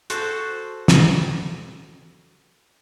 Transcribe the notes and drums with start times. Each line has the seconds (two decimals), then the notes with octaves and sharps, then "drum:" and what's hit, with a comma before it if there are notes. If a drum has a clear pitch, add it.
0.10 F#4 A4 C5, drum: hi-hat
0.88 drum: snare